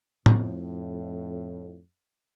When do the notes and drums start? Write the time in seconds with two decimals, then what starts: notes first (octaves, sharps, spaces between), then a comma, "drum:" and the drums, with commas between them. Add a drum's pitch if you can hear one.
0.26 F2 A2, drum: tom